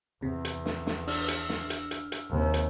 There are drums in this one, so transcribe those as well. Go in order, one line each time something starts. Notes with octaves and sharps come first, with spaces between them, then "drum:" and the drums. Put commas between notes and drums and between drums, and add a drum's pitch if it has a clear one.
E2 C3
drum: hi-hat
drum: snare
drum: snare
D4 E6 F6, drum: open hi-hat
drum: hi-hat
drum: snare
drum: hi-hat
drum: hi-hat
drum: hi-hat
D#2 C3
drum: hi-hat